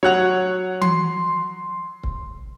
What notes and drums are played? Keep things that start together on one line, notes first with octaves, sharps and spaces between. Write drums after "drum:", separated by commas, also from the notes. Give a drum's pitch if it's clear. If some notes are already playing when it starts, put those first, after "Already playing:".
F#3 C#5 F#5 F#6 F7
C6, drum: tom E3
drum: kick C#1